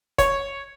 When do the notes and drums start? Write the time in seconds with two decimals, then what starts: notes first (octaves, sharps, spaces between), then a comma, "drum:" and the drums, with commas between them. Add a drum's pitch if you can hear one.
0.18 C#5, drum: kick, hi-hat